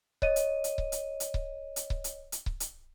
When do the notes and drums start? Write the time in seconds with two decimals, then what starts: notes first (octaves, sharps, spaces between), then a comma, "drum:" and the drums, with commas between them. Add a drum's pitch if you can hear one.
0.22 C#5 D#5 D#7, drum: kick C#1
0.36 drum: hi-hat
0.64 drum: hi-hat
0.78 drum: kick C#1
0.92 drum: hi-hat
1.20 drum: hi-hat
1.34 drum: kick C#1
1.76 drum: hi-hat
1.90 drum: kick C#1
2.04 drum: hi-hat
2.32 drum: hi-hat
2.46 drum: kick C#1
2.60 drum: hi-hat